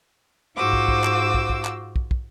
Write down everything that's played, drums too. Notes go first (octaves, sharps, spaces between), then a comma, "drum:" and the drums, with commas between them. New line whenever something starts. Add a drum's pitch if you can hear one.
G#2 F4 F#4 C5 D6 E6
drum: kick
drum: kick
drum: clap
drum: kick
drum: kick
drum: clap
drum: kick
drum: kick